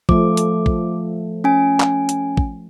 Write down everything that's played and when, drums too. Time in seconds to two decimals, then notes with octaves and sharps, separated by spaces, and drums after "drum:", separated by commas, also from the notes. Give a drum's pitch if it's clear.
0.09 F3 A3 D6, drum: kick
0.37 drum: hi-hat
0.66 drum: kick
1.44 C#4 G#5
1.80 drum: clap
2.09 drum: hi-hat
2.37 drum: kick